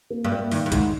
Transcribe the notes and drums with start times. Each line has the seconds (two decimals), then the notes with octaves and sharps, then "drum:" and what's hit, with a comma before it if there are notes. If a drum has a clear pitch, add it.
0.10 A#3
0.24 G2
0.32 A#3
0.52 G2 D#3, drum: open hi-hat
0.66 G2
0.72 G#2 D#3, drum: kick, hi-hat